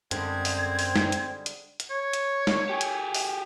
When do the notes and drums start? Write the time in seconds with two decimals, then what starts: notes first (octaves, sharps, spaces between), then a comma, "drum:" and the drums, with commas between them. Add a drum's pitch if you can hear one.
0.11 F#2 D3 G3 G#3 C4 G#6, drum: hi-hat
0.45 drum: open hi-hat
0.79 drum: open hi-hat
0.96 drum: snare
1.12 drum: hi-hat
1.46 drum: hi-hat
1.80 drum: hi-hat
1.91 C#5
2.13 drum: hi-hat
2.47 drum: snare
2.69 G4 G#4
2.81 drum: hi-hat
3.15 drum: open hi-hat